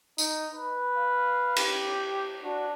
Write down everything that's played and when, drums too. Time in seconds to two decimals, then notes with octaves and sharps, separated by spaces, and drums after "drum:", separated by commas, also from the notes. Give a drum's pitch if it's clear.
0.18 D#4, drum: tambourine
0.55 B4
0.97 F5
1.56 G4, drum: cymbal
2.43 D4 F#4